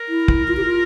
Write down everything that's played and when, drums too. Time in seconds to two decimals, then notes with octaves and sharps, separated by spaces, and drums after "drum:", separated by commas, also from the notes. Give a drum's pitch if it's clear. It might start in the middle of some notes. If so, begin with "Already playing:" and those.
Already playing: A#4
0.09 E4
0.28 drum: kick
0.48 F4
0.57 G4
0.65 F4